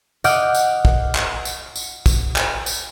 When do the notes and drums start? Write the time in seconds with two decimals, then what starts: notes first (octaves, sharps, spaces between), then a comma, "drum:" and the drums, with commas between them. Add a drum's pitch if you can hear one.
0.24 D#5 F#5 D6 F6 G6 D7, drum: tambourine
0.55 drum: tambourine
0.85 drum: kick
1.15 drum: clap
1.45 drum: tambourine
1.76 drum: tambourine
2.06 drum: kick, tambourine
2.36 drum: clap
2.66 drum: tambourine